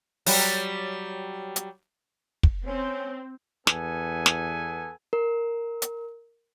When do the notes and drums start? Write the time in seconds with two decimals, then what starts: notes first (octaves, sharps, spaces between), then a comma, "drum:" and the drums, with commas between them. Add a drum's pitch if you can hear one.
0.26 F#3 G3, drum: open hi-hat
1.56 drum: hi-hat
2.43 drum: kick
2.67 C4 C#4
3.67 E2 B3 A4 G#5, drum: snare
4.26 drum: snare
5.13 A#4
5.82 drum: hi-hat